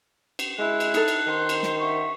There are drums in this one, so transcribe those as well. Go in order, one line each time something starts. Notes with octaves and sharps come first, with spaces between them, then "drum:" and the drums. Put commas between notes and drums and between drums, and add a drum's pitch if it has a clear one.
drum: cymbal
G#3 E4 F#6
drum: cymbal
D#4 A4, drum: cymbal
drum: cymbal
D#3 C5
drum: cymbal
drum: snare
E5 F#5 C#6